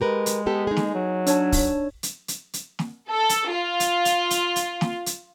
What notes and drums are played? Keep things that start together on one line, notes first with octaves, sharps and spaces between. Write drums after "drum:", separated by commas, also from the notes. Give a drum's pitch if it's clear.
G#3 G4 A#4 B4
drum: hi-hat
B3 G4 A4
D#4 G#4
drum: snare
F#3
D4 C#5 A5, drum: hi-hat
drum: kick, open hi-hat
drum: hi-hat
drum: hi-hat
drum: hi-hat
drum: snare
A4
drum: hi-hat
F4
drum: hi-hat
drum: hi-hat
drum: hi-hat
drum: hi-hat
drum: snare
drum: hi-hat